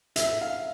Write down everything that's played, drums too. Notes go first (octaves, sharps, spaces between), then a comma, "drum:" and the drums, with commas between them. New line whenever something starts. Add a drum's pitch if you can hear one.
E5, drum: hi-hat
F5